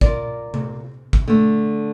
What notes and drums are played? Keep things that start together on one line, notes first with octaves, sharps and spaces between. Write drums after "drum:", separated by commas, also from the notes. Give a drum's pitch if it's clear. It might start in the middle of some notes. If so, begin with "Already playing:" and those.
F4 A#4 D5, drum: kick
drum: tom C3
drum: kick
D3 A3